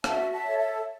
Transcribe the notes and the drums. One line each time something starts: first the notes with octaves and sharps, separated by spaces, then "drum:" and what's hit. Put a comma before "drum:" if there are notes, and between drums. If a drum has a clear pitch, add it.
F#4 E5 A5, drum: rim click
E5 A5
A4 C#5
E5 A5